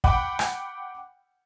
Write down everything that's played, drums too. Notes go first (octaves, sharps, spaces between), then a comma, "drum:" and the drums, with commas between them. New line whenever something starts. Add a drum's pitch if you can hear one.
F#5 G5 B5 D6, drum: kick
drum: rim click